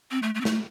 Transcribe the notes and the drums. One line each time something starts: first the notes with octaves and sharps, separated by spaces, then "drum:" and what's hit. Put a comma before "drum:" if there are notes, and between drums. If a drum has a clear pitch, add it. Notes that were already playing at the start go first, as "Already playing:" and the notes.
C4
A3
A3
C4
A3, drum: snare